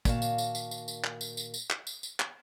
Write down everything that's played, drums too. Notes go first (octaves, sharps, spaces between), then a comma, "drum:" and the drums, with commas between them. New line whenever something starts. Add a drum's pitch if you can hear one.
A#2 D#3 F#4 F5 A5, drum: kick, tambourine
drum: tambourine
drum: tambourine
drum: tambourine
drum: tambourine
drum: tambourine
drum: clap
drum: tambourine
drum: tambourine
drum: tambourine
drum: clap
drum: tambourine
drum: tambourine
drum: clap